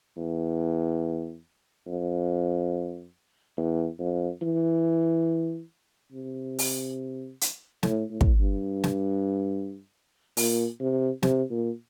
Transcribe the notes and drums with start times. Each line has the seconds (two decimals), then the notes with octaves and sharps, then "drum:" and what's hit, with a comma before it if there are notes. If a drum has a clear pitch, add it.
0.17 E2
1.87 F2
3.57 E2
3.99 F2
4.42 E3
6.12 C3
6.59 drum: open hi-hat
7.41 drum: hi-hat
7.83 A2, drum: snare
8.10 A2
8.21 drum: kick
8.39 G2
8.84 drum: snare
10.37 A#2, drum: open hi-hat
10.80 C3
11.23 C3, drum: snare
11.50 A#2